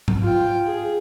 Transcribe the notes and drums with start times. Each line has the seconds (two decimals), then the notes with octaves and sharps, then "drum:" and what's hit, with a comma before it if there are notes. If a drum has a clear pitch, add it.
0.08 drum: tom G#2
0.22 F4 G5
0.66 G#4